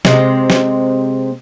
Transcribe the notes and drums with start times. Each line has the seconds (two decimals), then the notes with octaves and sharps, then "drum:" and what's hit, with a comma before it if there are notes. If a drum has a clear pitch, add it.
0.05 C3 G#3, drum: snare
0.50 drum: snare